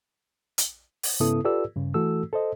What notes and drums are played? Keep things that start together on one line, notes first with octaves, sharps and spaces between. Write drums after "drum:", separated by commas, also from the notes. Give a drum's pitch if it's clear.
drum: hi-hat
drum: open hi-hat
G#2 C#3 B3 E4 A4 D#6
F4 G4 A4 B4 D5 E6
G2 C#3
E3 A3 F#4 A4 E6
A4 C5 D#5